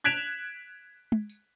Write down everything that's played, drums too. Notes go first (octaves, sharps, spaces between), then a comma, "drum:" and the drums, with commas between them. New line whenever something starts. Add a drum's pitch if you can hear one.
F#6 G#6 B6 D7 E7 F7
drum: tom
drum: tambourine